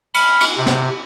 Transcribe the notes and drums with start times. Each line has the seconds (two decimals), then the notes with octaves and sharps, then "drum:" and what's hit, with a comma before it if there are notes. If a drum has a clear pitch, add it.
0.14 B5 F6, drum: cymbal
0.40 drum: cymbal
0.57 C3
0.66 drum: snare